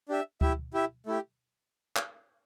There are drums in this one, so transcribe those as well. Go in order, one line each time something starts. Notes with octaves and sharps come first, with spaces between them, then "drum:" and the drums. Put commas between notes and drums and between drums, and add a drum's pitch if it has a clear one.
D4 G4 E5
E4 G4 E5, drum: kick D2
E4 G4 E5
A3 E4 G4
drum: clap